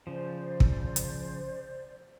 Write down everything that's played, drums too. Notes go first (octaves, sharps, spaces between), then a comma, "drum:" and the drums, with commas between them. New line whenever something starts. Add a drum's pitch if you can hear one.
C#3 F3 C5 D5
drum: kick
drum: hi-hat